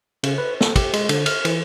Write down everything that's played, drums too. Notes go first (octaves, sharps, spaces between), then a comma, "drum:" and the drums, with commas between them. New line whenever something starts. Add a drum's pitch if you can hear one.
C#3, drum: cymbal
B4
A4, drum: snare A#3
G4, drum: kick, cymbal
G#3, drum: cymbal
D3, drum: cymbal
F6, drum: cymbal
E3, drum: cymbal